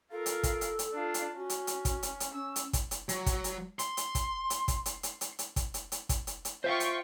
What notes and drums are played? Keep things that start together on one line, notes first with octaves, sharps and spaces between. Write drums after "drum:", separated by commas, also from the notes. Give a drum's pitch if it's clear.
F4 A4 A#4
drum: hi-hat
drum: kick, hi-hat
drum: hi-hat
drum: hi-hat
D4 F4
drum: hi-hat
C#4 F#4
drum: hi-hat
drum: hi-hat
drum: kick, hi-hat
drum: hi-hat
drum: hi-hat
C#4 E6
drum: hi-hat
drum: kick, hi-hat
drum: hi-hat
F#3, drum: hi-hat
drum: kick, hi-hat
drum: hi-hat
C6, drum: hi-hat
drum: hi-hat
drum: kick, hi-hat
drum: hi-hat
drum: kick, hi-hat
drum: hi-hat
drum: hi-hat
drum: hi-hat
drum: hi-hat
drum: kick, hi-hat
drum: hi-hat
drum: hi-hat
drum: kick, hi-hat
drum: hi-hat
drum: hi-hat
F4 C5 E5 F5 G5 C#6
drum: hi-hat